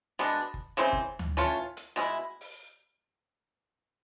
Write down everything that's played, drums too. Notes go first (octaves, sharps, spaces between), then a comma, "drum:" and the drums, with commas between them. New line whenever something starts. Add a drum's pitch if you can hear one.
B2 G#3 B3 D4
drum: kick F#1
C#3 E3 G#3 C4
drum: kick F#1
drum: tom D2
E3 A3 C#4 F4
drum: hi-hat
B2 G#3 C#4 E4
drum: open hi-hat